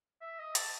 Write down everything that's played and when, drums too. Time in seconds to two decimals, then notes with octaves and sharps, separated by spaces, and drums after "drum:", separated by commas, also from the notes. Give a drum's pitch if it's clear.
0.21 E5
0.39 D#5
0.55 A5, drum: hi-hat